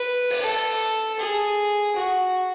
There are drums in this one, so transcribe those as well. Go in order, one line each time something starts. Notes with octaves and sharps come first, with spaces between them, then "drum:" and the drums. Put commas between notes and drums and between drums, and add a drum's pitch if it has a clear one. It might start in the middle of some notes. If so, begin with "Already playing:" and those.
Already playing: B4
drum: open hi-hat
A4
G#4
F#4